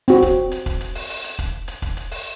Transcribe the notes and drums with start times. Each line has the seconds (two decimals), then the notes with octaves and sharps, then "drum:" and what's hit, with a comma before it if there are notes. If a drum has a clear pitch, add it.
0.08 C4 F#4, drum: hi-hat
0.22 drum: kick, hi-hat
0.51 drum: hi-hat
0.66 drum: kick, hi-hat
0.81 drum: hi-hat
0.95 drum: open hi-hat
1.10 drum: open hi-hat
1.24 drum: hi-hat
1.39 drum: kick, hi-hat
1.68 drum: hi-hat
1.82 drum: kick, hi-hat
1.97 drum: hi-hat
2.11 drum: open hi-hat